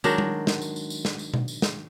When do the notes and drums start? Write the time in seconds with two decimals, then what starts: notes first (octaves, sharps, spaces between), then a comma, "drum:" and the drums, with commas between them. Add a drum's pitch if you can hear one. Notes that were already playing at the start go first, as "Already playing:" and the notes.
0.04 D#3 F#3 G#3 D4, drum: tambourine
0.18 drum: tom G3
0.47 drum: snare
0.62 drum: tambourine
0.76 drum: tambourine
0.90 drum: tambourine
1.05 drum: snare
1.19 drum: tambourine
1.34 drum: tom B2
1.48 drum: tambourine
1.62 drum: snare